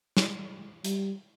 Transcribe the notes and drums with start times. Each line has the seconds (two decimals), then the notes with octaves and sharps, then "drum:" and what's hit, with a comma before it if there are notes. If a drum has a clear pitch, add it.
0.17 drum: snare
0.84 G3, drum: hi-hat